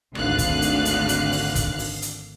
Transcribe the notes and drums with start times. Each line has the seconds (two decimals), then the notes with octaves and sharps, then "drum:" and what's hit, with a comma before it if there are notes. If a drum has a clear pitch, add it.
0.15 G#1 D2 D3 F5 F#6, drum: rim click
0.39 drum: kick, hi-hat
0.62 drum: hi-hat
0.85 drum: hi-hat
1.09 drum: hi-hat
1.32 drum: open hi-hat
1.55 drum: kick, hi-hat
1.79 drum: open hi-hat
2.02 drum: hi-hat